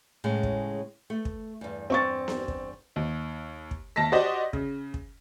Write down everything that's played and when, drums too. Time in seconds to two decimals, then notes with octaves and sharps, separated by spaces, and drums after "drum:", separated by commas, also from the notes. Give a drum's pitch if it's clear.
0.24 A2 C#3 G#3
0.43 drum: kick
1.10 A3
1.25 drum: kick
1.61 E2 G2
1.90 C4 C#6 A6
2.28 drum: snare B3
2.48 drum: kick
2.96 D#2
3.71 drum: kick
3.96 D#2 A5 A#6 B6
4.12 F#4 G4 C5 D5 D#5
4.53 C#3, drum: kick
4.94 drum: kick